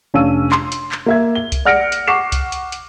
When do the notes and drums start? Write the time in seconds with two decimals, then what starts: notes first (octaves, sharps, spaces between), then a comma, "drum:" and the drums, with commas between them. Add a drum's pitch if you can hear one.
0.14 F1 C#4 D4 F5 E6 D#7
0.52 C6, drum: clap
0.72 drum: hi-hat
0.92 drum: clap
1.06 A#3 E5 G#6
1.35 G7
1.52 drum: kick C2, hi-hat
1.65 D5 F#5 F6 A#6 C#7 D7
1.92 drum: hi-hat
2.07 F#5 C#6 D6 C7 E7
2.32 drum: kick C2, hi-hat
2.52 drum: hi-hat
2.72 drum: hi-hat